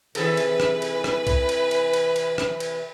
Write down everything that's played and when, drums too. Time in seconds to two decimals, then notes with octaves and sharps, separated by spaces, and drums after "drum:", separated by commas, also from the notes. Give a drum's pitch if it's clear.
0.15 C3 D#3 E3 G#4 A4 B4, drum: cymbal
0.37 drum: cymbal
0.60 drum: rim click
0.82 drum: cymbal
1.04 drum: rim click
1.27 drum: kick B1, cymbal
1.49 drum: cymbal
1.71 drum: cymbal
1.94 drum: cymbal
2.16 drum: cymbal
2.38 drum: rim click
2.60 drum: cymbal